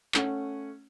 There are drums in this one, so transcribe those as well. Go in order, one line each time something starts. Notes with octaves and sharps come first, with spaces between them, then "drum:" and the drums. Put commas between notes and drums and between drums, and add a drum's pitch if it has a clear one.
A3 C#4 F#5, drum: clap